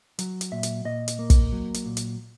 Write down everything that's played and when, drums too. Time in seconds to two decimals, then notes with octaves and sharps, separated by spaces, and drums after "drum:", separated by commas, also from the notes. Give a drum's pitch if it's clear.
0.19 F#3, drum: hi-hat
0.41 drum: hi-hat
0.52 A#2 E5
0.63 drum: hi-hat
0.85 A#2 D#5
1.08 drum: hi-hat
1.19 A#3
1.30 drum: kick, hi-hat
1.52 F#3
1.74 drum: hi-hat
1.86 A#2
1.97 drum: hi-hat